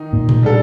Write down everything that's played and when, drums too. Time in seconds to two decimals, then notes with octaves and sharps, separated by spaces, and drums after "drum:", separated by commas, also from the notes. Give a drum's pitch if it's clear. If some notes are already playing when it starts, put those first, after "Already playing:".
Already playing: D#3 D#4
0.13 A#2
0.29 drum: tom A#2
0.43 G3 D4 A4